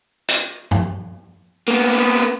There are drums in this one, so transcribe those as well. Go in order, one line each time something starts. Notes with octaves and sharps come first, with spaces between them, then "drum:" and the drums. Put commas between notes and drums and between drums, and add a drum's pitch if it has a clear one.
drum: hi-hat
drum: tom G2
A#3 B3